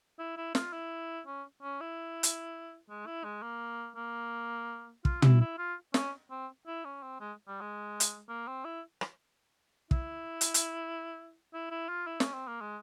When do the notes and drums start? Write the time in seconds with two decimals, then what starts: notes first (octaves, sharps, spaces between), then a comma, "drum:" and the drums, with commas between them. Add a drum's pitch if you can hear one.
0.19 E4
0.37 E4
0.55 F4, drum: snare
0.73 E4
1.26 C#4
1.63 C#4
1.81 E4
2.23 drum: hi-hat
2.89 G#3
3.07 E4
3.24 G#3
3.42 A#3
3.96 A#3
5.05 F4, drum: kick
5.22 E4, drum: tom
5.41 E4
5.58 F4
5.94 C#4, drum: snare
6.31 C4
6.67 E4
6.85 C#4
7.02 C4
7.21 G#3
7.48 G3
7.61 G#3
8.00 drum: hi-hat
8.29 A#3
8.47 C4
8.65 E4
9.01 drum: rim click
9.91 E4, drum: kick
10.41 drum: hi-hat
10.54 drum: hi-hat
11.53 E4
11.71 E4
11.89 F4
12.07 E4
12.20 C#4, drum: snare
12.34 C4
12.48 A#3
12.61 G#3